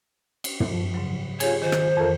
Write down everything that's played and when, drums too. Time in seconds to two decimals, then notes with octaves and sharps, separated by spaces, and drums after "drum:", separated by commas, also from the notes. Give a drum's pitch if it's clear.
0.44 drum: cymbal
0.60 drum: tom
0.70 F3
0.94 G#2 C#3 F#3
1.40 F4 G4 G#4 C#5 G#5, drum: cymbal
1.62 D#3 C5
1.72 drum: rim click
1.97 F2 E3 F4 A4 A#4